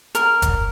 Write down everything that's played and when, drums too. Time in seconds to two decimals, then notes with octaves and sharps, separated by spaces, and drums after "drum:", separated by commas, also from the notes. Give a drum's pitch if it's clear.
0.15 A#4, drum: hi-hat
0.42 drum: kick, hi-hat